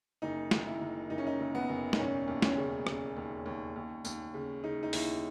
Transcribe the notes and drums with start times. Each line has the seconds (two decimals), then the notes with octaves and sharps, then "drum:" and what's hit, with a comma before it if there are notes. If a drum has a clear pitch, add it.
0.22 F#1 D#4
0.51 D#3, drum: snare
0.66 E4
0.81 F#1
1.10 F#1 D#4
1.18 C#4
1.27 D#4
1.40 F#1
1.55 B3
1.69 F#1
1.93 D#4, drum: snare
1.99 E1 C#4
2.28 D#2
2.42 C#4, drum: snare
2.57 C#3
2.87 C#3, drum: rim click
3.16 D#2
3.46 D#2
3.76 D#2
4.05 D#2, drum: tambourine
4.34 C#3
4.64 C#3 D#4
4.83 D#4
4.93 D#2 E4, drum: open hi-hat